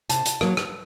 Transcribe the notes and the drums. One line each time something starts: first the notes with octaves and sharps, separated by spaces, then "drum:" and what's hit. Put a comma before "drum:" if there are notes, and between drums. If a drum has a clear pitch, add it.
C3 A5, drum: hi-hat
drum: hi-hat
F#3 A#3, drum: rim click
drum: rim click